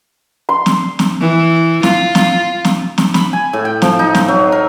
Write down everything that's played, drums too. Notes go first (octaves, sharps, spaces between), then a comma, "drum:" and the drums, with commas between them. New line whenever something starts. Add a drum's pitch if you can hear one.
C6
drum: snare
drum: snare
E3
F4, drum: snare
drum: snare
drum: snare
drum: snare
B5, drum: snare
G#5
A2
G5
F3, drum: snare
D#4
C6, drum: snare
F#3
A#4